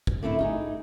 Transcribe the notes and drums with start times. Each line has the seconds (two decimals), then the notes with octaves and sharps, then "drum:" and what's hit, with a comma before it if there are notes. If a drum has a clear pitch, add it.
0.07 drum: kick
0.23 D3 A3 C4 E4
0.39 D#4 F4 G#4